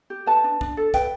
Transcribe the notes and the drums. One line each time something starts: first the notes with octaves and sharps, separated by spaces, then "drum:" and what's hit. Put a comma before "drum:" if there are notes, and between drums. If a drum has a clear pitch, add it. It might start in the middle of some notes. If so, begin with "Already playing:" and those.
G4
B4 A5
D4
D4, drum: kick
A4
B4 G5, drum: kick, hi-hat